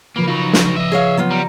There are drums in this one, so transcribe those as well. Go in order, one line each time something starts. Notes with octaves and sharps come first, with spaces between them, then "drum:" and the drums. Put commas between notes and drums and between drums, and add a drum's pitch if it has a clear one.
C#3 F3 A#3 B4
F#3 D#4 F4
drum: snare
D#5 E5
G#4 C#5 F5 D#6 A#6 C7
F#3 B3 F4
G3 A#5 C#7